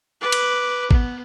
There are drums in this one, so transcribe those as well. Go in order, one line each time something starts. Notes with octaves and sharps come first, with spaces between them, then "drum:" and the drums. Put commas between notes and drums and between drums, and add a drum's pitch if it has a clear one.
B4 D6
drum: cymbal
B3, drum: kick G#1